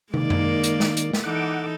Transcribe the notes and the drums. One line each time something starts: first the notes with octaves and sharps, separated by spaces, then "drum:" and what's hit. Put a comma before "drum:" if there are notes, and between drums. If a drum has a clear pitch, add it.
D#3 G#3 A#3 D5, drum: tom
drum: tom F#2
drum: hi-hat
drum: snare
drum: hi-hat
drum: snare
E3 D#4 A4 F#5 D6